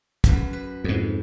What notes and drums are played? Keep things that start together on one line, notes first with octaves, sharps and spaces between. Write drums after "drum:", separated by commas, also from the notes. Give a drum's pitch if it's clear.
F#2 B4, drum: kick, hi-hat
B4
F2 G#2